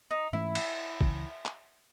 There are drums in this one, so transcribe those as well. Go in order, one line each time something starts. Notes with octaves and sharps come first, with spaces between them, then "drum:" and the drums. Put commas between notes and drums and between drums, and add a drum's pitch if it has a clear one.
D#4
G#2 E3 A3 C#4 E4
drum: cymbal
C#2 C#3 E3, drum: kick
drum: clap